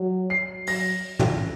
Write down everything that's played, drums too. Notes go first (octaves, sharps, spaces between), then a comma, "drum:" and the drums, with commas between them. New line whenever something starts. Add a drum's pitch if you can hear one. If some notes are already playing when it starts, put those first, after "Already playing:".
Already playing: F#3
C7
F#3 A#6, drum: open hi-hat
drum: tom